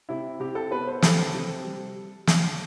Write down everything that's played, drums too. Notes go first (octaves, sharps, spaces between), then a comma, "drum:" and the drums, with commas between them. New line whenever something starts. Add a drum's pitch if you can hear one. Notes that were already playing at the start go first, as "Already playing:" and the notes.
C3 E4
C3 G4
A4
B3 B4
C5
C3 A4, drum: snare
C3
G3
drum: snare